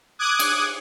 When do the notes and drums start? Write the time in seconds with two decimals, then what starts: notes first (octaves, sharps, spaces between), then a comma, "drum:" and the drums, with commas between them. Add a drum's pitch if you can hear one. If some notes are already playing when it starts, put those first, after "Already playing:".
0.19 D6 D#6 F#6 G#6
0.39 drum: cymbal